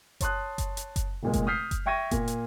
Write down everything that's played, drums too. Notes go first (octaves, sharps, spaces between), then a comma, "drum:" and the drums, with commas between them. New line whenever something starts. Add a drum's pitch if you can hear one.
C#5 A5 C6 D#6 F#6, drum: kick F#1, hi-hat
drum: kick F#1, hi-hat
drum: hi-hat
drum: kick F#1, hi-hat
F1 A#2 G#3
drum: kick F#1, hi-hat
D#6 F6 G6 B6 C7
drum: kick F#1, hi-hat
E5 G5 C#6 G#6 A#6 D#7
A#2, drum: kick F#1, hi-hat
drum: hi-hat